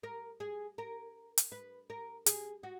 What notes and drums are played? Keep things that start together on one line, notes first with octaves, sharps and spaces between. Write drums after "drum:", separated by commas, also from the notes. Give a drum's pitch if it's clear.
A#4
G#4
A#4
drum: hi-hat
B4
A#4
G#4, drum: hi-hat
F#4